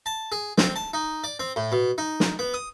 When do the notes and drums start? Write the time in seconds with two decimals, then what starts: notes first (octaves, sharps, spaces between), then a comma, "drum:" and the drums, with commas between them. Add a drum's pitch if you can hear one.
0.06 A5
0.32 G#4
0.58 C4, drum: snare
0.76 A5
0.93 D#4
1.24 D5
1.40 C4
1.56 A2
1.72 B2
1.98 D#4
2.20 drum: snare
2.39 B3
2.54 D#6